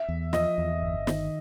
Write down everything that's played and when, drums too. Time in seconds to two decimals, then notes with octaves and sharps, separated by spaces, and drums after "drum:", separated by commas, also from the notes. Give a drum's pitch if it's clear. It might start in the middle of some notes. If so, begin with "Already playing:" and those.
Already playing: E5
0.09 E2
0.33 F3 D#5, drum: snare
0.58 E2
0.82 G1
1.07 D#3, drum: snare